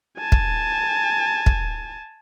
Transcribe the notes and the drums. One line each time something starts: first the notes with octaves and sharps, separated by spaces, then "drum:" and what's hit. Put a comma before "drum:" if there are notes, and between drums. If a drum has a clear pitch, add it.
G#5 A5
drum: kick
drum: kick